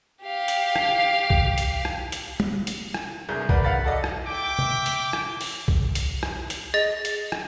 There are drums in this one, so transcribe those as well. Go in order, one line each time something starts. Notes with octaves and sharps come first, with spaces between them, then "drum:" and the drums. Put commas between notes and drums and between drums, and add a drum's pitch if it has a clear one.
G4 F5
drum: hi-hat
drum: rim click
drum: kick B1
drum: hi-hat
drum: rim click
drum: hi-hat
drum: tom
drum: hi-hat
drum: rim click
G1 C2 G#4 A#4 G6
F#4 A#4 B4 D5, drum: kick B1
F5 F#5 A6 B6
F#4 A4 D5 D#5
drum: rim click
E5 G5 D6
drum: tom
drum: hi-hat
drum: rim click
drum: open hi-hat
drum: kick B1
drum: hi-hat
drum: rim click
drum: hi-hat
G#4 D#5 A6
drum: hi-hat
drum: rim click